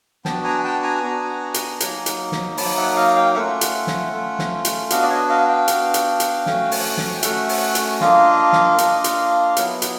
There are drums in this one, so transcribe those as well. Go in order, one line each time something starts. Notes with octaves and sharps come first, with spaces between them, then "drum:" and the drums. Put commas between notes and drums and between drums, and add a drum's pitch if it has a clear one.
B3 D4 F#4 G5 A5, drum: snare
G#5 A#5
G5 A5
G#5 A#5
B3 D4 F#4
drum: hi-hat
F#3 A#3 D#4, drum: hi-hat
drum: hi-hat
drum: snare
F#3 A#3 D#4 A5 B5, drum: open hi-hat
E5 F#5
D#5 F5
F5 G5
A3 C#4 F4 E5 F#5
drum: hi-hat
drum: snare
A3 C#4 F4
drum: snare
drum: hi-hat
B3 D4 F#4 D#5 F5, drum: hi-hat
D5
C#5 D#5
D#5 F5
F5 G5
B3 D4 F#4, drum: hi-hat
drum: hi-hat
drum: hi-hat
A3 C#4 F#4, drum: snare
drum: open hi-hat
drum: snare
G5
A3 C#4 F#4 E5 F#5, drum: hi-hat
drum: open hi-hat
drum: hi-hat
A#3 D4 F4 D#5 F5, drum: snare
drum: snare
A#3 D4 F4, drum: hi-hat
drum: hi-hat
F#3 B3 E4, drum: hi-hat
drum: hi-hat